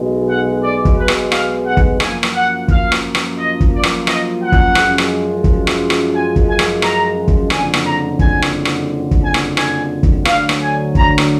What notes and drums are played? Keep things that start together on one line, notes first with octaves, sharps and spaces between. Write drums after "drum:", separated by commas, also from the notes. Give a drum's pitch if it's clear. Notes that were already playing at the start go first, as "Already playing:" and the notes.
Already playing: B1 B2 G#3
F#5
D5
drum: kick
B4
drum: rim click
F5, drum: rim click
F#5
drum: kick
F#2 F3 A#3 G#5, drum: rim click
drum: rim click
F#5
F5, drum: kick
drum: rim click
drum: rim click
D#5
drum: kick
D5
drum: rim click
D#5, drum: rim click
F#5
drum: kick
F#2 F3 G#3, drum: rim click
drum: rim click
drum: kick
drum: rim click
drum: rim click
G#5
drum: kick
G#5
drum: rim click
A#5, drum: rim click
drum: kick
F#1 F2 D3 F3 G#5, drum: rim click
drum: rim click
A#5
G#5, drum: kick
drum: rim click
drum: rim click
drum: kick
G#5
drum: rim click
G#5, drum: rim click
drum: kick
D2 D3 F#3 F5, drum: rim click
drum: rim click
G#5
A#5, drum: kick
drum: rim click